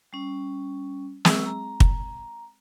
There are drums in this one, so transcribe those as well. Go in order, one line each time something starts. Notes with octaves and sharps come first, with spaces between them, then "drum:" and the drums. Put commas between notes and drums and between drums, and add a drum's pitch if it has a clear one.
G3 C#4
F#3 G#3 C4 G#4 C#6 E6, drum: snare
A#5
drum: kick